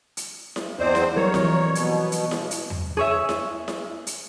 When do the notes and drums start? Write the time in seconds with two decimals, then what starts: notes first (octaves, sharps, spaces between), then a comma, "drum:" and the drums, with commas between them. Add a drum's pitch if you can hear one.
0.17 drum: hi-hat
0.56 drum: snare E4
0.79 E2 C4 E4 C5 D5 D#5
0.95 drum: snare E4
1.16 F#3 G3 A#4 C#5
1.34 E3 F3 C4, drum: snare E4
1.75 B2, drum: hi-hat
2.12 drum: hi-hat
2.31 drum: snare E4
2.51 drum: hi-hat
2.70 drum: tom E2
2.97 G#4 C#5 E5
3.29 drum: snare E4
3.68 drum: snare E4
4.07 drum: hi-hat